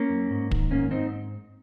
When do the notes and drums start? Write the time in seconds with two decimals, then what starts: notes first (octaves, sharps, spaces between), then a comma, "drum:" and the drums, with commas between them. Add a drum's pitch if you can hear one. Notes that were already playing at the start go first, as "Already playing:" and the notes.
Already playing: A#3 C#4
0.09 F#2
0.30 G#2
0.51 D#3, drum: kick
0.71 G#2 A#3 C#4
0.91 G#2 C4 D#4